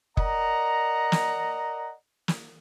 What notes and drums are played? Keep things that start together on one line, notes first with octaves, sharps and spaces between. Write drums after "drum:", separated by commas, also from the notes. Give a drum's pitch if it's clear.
A#4 D5 D#5 F#5 A#5, drum: kick
drum: snare
drum: snare